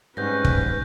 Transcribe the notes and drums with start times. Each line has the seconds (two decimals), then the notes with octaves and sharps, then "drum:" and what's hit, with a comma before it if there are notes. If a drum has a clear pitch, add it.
0.17 G#2 G3 C4 C#4 B4 G6 A#6
0.45 drum: kick